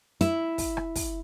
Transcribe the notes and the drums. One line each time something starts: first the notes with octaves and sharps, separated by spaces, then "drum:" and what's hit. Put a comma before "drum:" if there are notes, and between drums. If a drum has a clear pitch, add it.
E4, drum: hi-hat
drum: kick, open hi-hat
drum: rim click
drum: kick, open hi-hat